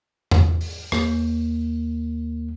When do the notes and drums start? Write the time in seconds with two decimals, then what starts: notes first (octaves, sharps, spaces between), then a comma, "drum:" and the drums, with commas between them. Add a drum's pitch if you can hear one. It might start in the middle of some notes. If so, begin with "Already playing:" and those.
0.31 drum: tom E2
0.61 drum: open hi-hat
0.92 D#2 A#3, drum: rim click